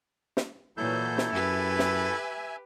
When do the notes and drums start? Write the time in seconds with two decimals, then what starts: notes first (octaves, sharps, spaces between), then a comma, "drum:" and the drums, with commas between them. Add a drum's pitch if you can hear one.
0.37 drum: snare
0.77 A#2 E3 F#3 E4 A4 G6
1.18 drum: snare
1.32 F#2 G4 B4 E5 G#5
1.79 drum: snare